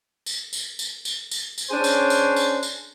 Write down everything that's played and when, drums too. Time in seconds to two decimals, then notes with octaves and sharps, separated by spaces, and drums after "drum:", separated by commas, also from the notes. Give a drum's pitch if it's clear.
0.26 drum: tambourine
0.53 drum: tambourine
0.79 drum: tambourine
1.05 drum: tambourine
1.31 drum: tambourine
1.58 drum: tambourine
1.71 C#4 D4 G#4 C5
1.84 drum: tambourine
2.10 drum: tambourine
2.36 drum: tambourine
2.63 drum: tambourine